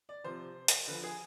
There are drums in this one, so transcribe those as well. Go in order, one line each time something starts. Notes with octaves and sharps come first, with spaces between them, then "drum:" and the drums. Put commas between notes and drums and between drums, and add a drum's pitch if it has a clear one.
D5
C3 F3 C5
drum: hi-hat
D3 F3 B4
G#4